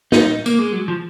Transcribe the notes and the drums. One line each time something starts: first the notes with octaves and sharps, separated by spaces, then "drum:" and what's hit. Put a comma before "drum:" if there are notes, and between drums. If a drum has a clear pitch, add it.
D#4, drum: snare
A#3, drum: tambourine
G#3
F#3
F3